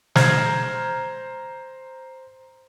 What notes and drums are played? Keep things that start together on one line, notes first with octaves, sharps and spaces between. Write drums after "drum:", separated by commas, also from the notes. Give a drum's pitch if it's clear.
C5 A#5 F6 G#6, drum: snare